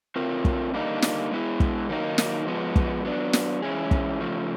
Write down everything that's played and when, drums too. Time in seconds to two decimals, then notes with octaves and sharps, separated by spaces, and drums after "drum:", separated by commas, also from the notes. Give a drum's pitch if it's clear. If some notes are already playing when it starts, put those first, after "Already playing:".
0.16 A3 C4 F4 A#4
0.45 drum: kick
0.74 D3 G3 A#3 D#4
1.02 drum: snare
1.31 G#3 B3 E4 G#4
1.60 drum: kick
1.89 D#3 F#3 A#3 D#4
2.18 drum: snare
2.47 F3 G#3 B3
2.76 drum: kick
3.05 F#3 B3 D4
3.33 drum: snare
3.62 E3 G#3 C#4 E4 G#4
3.91 drum: kick
4.20 C#3 F3 A3